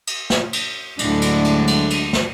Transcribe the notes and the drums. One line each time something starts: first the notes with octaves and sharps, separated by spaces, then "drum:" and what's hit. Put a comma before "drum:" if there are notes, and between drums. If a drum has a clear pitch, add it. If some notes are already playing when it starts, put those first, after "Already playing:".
drum: cymbal
drum: snare
drum: cymbal
D2 A2 D3 F#3 G#3 D4, drum: cymbal
drum: cymbal
drum: cymbal
drum: cymbal
drum: cymbal
drum: snare